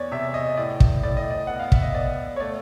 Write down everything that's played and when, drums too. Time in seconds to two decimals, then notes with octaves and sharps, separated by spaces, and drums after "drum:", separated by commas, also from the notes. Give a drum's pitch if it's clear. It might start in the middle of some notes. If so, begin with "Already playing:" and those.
Already playing: E2 C#5 D5
0.12 C3 E5
0.34 D#5
0.57 A2 D5
0.80 drum: kick
1.03 A2 D5
1.17 D#5
1.31 D5
1.47 B3 F#5
1.60 F5
1.72 E5, drum: kick
1.82 D#5
1.95 B3 D5
2.36 C#5
2.40 A3 D5